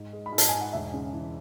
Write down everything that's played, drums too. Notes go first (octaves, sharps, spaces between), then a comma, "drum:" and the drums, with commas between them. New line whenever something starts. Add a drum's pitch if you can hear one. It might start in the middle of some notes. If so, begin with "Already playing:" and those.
Already playing: G#2
G#3
B5
G#2
A5, drum: hi-hat
G#2 G#5
F#5
E1 E5
C#3
E3